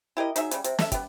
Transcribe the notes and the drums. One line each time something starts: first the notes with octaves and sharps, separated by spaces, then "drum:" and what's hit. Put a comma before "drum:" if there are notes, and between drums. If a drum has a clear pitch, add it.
E4 G4 A#4 D#5
F#3 D#4 G#4 E5, drum: hi-hat
C#3 G3, drum: hi-hat
C3, drum: hi-hat
A4 D#5 E5, drum: snare
B3 G4, drum: kick, hi-hat